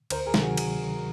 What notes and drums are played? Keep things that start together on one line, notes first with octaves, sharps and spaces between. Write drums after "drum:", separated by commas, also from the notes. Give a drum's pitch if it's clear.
D2 A#4 C5, drum: cymbal
G#4 A#4
C3 D#3 F#3, drum: snare
F#4 G#4
drum: cymbal